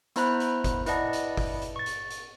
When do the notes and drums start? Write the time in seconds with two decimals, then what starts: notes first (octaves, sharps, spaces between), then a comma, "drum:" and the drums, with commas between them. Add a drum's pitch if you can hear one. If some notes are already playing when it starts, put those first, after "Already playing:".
0.16 B3 E4 C5 A#5 B5 F#6, drum: hi-hat
0.40 drum: hi-hat
0.64 drum: kick G1, hi-hat
0.86 E4 B4 D5 D#5 F#5 A5, drum: hi-hat
1.13 drum: hi-hat
1.37 drum: kick G1, open hi-hat
1.62 drum: hi-hat
1.76 C#6 A6
1.86 drum: hi-hat
2.10 drum: hi-hat